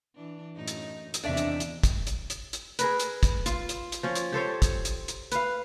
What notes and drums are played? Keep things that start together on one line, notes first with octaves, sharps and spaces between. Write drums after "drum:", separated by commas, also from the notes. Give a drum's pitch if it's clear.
E3 D4
F#2 A2 D#4
drum: hi-hat
drum: hi-hat
E2 C3 D#3 E3 D4 D#4 D5 E5
drum: hi-hat
drum: hi-hat
drum: kick, hi-hat
drum: hi-hat
drum: hi-hat
drum: hi-hat
G#4 A#4 B4, drum: hi-hat
drum: hi-hat
drum: kick, hi-hat
F4, drum: hi-hat
drum: hi-hat
drum: hi-hat
F3 C#4
drum: hi-hat
G4 A4 C5 C#5
drum: kick, hi-hat
drum: hi-hat
drum: hi-hat
B4 F5, drum: hi-hat